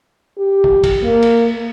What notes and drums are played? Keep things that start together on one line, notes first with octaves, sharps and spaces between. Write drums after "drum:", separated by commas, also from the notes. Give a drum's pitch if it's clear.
G4
drum: kick
drum: kick, cymbal
A#3
drum: cymbal